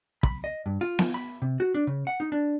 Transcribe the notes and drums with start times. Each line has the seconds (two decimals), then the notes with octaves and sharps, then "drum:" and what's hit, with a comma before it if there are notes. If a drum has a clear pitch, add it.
0.23 B5, drum: kick
0.44 D#5
0.66 G2
0.81 F4
0.99 drum: snare B3
1.14 B5
1.42 C3
1.60 F#4
1.74 D4
1.87 C#3
2.07 F#5
2.20 D#4
2.32 D4